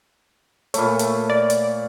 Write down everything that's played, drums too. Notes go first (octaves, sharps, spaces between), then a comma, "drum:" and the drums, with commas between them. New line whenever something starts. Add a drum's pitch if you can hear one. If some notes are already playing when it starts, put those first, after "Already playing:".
A#2 A3 C#5 B5, drum: hi-hat
drum: hi-hat
D5
drum: hi-hat